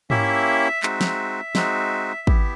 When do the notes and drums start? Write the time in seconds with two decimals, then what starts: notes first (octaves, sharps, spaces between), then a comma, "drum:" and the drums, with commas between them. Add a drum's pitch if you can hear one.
0.10 A#3 C#4 E4 G4 E5, drum: tom G#2
0.83 G#3 C4 D#4 F#4, drum: clap
1.01 drum: snare
1.55 G#3 C4 D#4 F#4, drum: snare
2.27 B3 E4 G4, drum: kick G#1